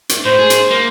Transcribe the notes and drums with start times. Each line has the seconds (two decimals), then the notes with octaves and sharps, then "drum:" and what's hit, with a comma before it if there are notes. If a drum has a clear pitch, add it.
0.09 drum: hi-hat
0.25 A2 C5
0.39 G#4
0.50 drum: hi-hat
0.70 A#3